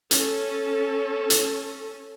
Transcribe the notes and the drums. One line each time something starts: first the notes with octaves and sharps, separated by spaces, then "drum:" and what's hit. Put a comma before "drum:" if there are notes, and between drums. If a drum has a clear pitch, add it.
C#4 A4, drum: hi-hat
drum: hi-hat